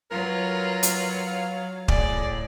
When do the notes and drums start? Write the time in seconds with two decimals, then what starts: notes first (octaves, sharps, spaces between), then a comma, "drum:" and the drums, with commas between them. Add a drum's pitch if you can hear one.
0.11 F#3 F4 A#4 B4
0.83 drum: hi-hat
1.27 F5
1.88 A2 G#4 D5, drum: kick